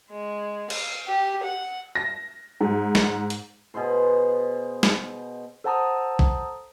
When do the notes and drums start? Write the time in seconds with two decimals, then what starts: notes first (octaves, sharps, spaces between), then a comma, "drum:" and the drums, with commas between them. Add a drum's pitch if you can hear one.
0.10 G#3
0.70 F5, drum: cymbal
1.07 G4
1.43 F#5
1.95 A#6
2.61 G#2
2.95 drum: snare
3.30 drum: hi-hat
3.74 B2 G#4 C5 C6
4.83 drum: snare
5.64 A4 C5 F#5 A5 A#5 D#6
6.19 drum: kick